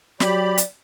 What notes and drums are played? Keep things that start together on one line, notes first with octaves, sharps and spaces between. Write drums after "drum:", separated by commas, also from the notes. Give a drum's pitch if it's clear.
F#3 G4 D5 B5, drum: snare
drum: hi-hat